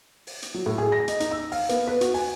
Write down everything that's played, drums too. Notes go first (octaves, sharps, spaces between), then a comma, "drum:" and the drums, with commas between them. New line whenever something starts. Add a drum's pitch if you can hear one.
drum: open hi-hat
drum: hi-hat
F#3
A2
G#4
A#6
D#5, drum: hi-hat
D#4, drum: hi-hat
E6
F5, drum: open hi-hat
B3, drum: hi-hat
B4
F#4, drum: hi-hat
G#5, drum: open hi-hat